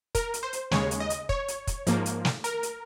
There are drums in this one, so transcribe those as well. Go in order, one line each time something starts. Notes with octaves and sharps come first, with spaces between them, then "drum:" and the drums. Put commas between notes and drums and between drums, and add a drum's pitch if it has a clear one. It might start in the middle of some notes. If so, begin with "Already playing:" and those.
A#4, drum: kick, hi-hat
drum: hi-hat
C5
drum: hi-hat
D#2 C#3 G#3 C#5, drum: snare
drum: hi-hat
D#5
drum: hi-hat
C#5, drum: kick
drum: hi-hat
drum: kick, hi-hat
G#2 F3 A#3, drum: hi-hat
drum: hi-hat
drum: snare
A#4, drum: hi-hat
drum: hi-hat